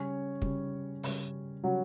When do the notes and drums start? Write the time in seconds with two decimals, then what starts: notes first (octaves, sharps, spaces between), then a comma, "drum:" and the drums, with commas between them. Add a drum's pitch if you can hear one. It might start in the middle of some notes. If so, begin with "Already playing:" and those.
Already playing: C#3 G3 C#4 C#5
0.42 C#3 G3, drum: kick
1.03 C#3 G3, drum: open hi-hat
1.64 C#3 F#3 G3 F#4